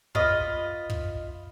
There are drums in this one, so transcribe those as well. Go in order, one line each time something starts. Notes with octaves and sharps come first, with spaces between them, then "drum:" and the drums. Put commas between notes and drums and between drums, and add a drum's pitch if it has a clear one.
F4 B4 D#5, drum: kick
drum: kick